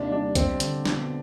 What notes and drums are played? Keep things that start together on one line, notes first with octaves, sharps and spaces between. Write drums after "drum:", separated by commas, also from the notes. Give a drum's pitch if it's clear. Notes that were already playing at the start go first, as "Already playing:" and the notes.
Already playing: D#2 C3 D#3 D4
G3 D4
G3 C4, drum: kick B1, hi-hat
D3, drum: hi-hat
B2, drum: snare